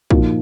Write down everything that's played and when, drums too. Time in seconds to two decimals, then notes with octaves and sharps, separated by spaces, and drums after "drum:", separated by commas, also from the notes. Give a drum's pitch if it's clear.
0.10 A#2 F3 A#3 D#4 F#4, drum: kick